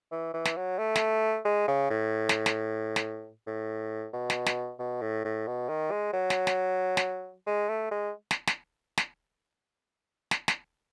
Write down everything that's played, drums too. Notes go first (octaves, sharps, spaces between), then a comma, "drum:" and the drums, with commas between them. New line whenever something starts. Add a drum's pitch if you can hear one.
E3
E3
drum: snare
F#3
A3
drum: snare
G#3
C#3
A2
drum: snare
drum: snare
drum: snare
A2
B2
drum: snare
drum: snare
B2
A2
A2
B2
D#3
G#3
F#3
drum: snare
drum: snare
drum: snare
G#3
A3
G#3
drum: snare
drum: snare
drum: snare
drum: snare
drum: snare